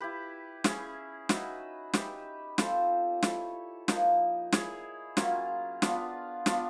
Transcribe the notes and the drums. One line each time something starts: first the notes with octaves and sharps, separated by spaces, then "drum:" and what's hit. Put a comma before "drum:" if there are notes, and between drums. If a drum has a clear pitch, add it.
E4 G4 B4
C#4 E4 G#4, drum: snare
D#4 F#4 B4 E5, drum: snare
D#4 G4 B4 E5, drum: snare
C4 F4 A4 C5, drum: snare
E4 A4 C#5, drum: snare
F3 A#3 D#4, drum: snare
E4 G#4 C#5, drum: snare
F#3 A#3 C#4 F4, drum: snare
B3 D4 F4, drum: snare
B3 D4 F4, drum: snare